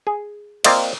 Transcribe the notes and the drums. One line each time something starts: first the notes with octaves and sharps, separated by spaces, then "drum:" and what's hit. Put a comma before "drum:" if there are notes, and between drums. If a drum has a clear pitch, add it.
G#4
A#3 C4 F4 D5 D#5, drum: cymbal